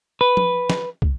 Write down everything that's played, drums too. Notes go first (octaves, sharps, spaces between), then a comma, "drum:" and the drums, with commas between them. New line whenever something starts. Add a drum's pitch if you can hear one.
B4
drum: tom
drum: snare
drum: kick